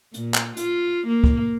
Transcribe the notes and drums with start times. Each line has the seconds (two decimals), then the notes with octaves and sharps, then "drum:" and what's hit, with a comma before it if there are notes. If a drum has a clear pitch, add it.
0.14 A#2, drum: hi-hat
0.34 drum: clap
0.57 F4, drum: hi-hat
1.07 A#3
1.24 drum: kick